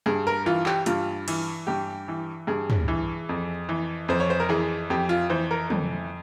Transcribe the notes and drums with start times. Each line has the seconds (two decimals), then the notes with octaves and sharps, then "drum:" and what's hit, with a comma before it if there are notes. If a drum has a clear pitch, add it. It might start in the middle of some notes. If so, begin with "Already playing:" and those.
0.06 G2 G#4
0.27 A#4
0.46 E3 F4
0.66 G4, drum: clap
0.86 G2 F4, drum: hi-hat
1.28 E3, drum: cymbal
1.67 G2 G4
2.08 E3
2.47 G2 G#4
2.70 drum: tom
2.88 E3
3.29 F2
3.69 E3
4.09 F2 C5
4.20 C#5
4.30 C5
4.40 A#4
4.49 E3 G#4
4.90 F2 G4
5.09 F4
5.30 E3 C5
5.51 A#4
5.70 F2, drum: tom